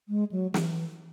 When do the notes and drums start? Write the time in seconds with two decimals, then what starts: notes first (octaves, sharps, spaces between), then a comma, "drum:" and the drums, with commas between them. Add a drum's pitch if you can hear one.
0.09 G#3
0.32 F#3
0.54 E3, drum: snare